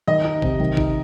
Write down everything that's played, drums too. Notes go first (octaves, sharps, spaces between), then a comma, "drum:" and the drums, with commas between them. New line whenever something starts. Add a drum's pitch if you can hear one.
D#3 D#5
D#4
C3, drum: kick
D#3
D#4, drum: kick